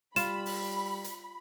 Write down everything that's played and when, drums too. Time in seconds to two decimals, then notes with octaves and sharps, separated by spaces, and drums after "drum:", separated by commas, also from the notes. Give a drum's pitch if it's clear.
0.16 G3 F4 B5 E7, drum: hi-hat
0.46 drum: open hi-hat
1.04 drum: hi-hat